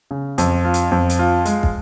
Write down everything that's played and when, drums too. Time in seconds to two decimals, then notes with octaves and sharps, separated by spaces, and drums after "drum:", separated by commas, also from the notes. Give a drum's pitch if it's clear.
0.11 C#3
0.38 F2, drum: hi-hat
0.65 F4
0.74 drum: hi-hat
0.91 F2
1.09 drum: hi-hat
1.19 F4
1.45 G#3, drum: hi-hat
1.63 drum: kick